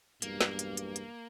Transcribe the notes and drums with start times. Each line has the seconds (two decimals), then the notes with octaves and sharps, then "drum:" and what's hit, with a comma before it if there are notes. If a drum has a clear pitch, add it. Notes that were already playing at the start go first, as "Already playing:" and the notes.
0.22 B1 E2 G2 A#3, drum: hi-hat
0.41 drum: snare
0.59 drum: hi-hat
0.77 drum: hi-hat
0.96 drum: hi-hat